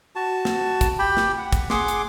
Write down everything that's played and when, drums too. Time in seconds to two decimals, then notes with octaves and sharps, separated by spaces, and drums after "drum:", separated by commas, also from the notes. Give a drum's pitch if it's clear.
0.16 F#4 A5
0.45 drum: snare
0.81 drum: kick, hi-hat
0.99 G4 G5 B5
1.17 drum: snare
1.38 F#5
1.53 drum: kick, hi-hat
1.70 G#4 F#5 C6 D6, drum: snare
1.88 drum: hi-hat